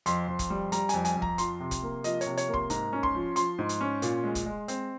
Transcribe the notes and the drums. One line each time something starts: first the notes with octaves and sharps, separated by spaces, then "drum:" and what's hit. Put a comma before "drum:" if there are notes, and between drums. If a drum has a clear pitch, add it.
F2 C6, drum: hi-hat
F2
drum: kick, hi-hat
G3
G3 A#5, drum: hi-hat
F2 G#5, drum: hi-hat
G#5, drum: hi-hat
F2
A#5, drum: kick
F3 C6, drum: hi-hat
C3
drum: kick, hi-hat
A#3
F3 D#5, drum: hi-hat
C#5, drum: hi-hat
C3
C#5, drum: hi-hat
A#3
C6, drum: kick
G#2 A#5, drum: hi-hat
C#4
C6, drum: kick
F3
F3 C6, drum: hi-hat
G#2
drum: hi-hat
C#4
A#2, drum: hi-hat
G#3
drum: kick, hi-hat
G#3
C4, drum: hi-hat